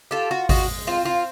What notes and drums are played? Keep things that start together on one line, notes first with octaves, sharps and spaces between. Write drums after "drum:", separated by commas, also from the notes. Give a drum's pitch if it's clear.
F4 G4 A4
F#4
G#3 F#4, drum: kick G#1, open hi-hat
C4 F4
F4